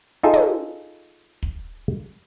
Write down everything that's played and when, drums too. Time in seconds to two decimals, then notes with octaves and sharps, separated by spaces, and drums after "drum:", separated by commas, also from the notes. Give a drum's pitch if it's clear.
0.23 D#4 F4 G#4 A4 E5
0.34 drum: tom
1.43 drum: kick